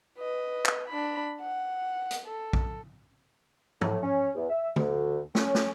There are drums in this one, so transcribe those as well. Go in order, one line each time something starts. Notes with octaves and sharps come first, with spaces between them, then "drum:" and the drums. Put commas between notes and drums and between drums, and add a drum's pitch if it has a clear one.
B4 D#5
drum: clap
D4 B5
F#5
drum: hi-hat
A4
drum: kick A#1
A2, drum: tom
C#4
E2
E5
D2, drum: tom D3
C#4, drum: snare
C#4, drum: snare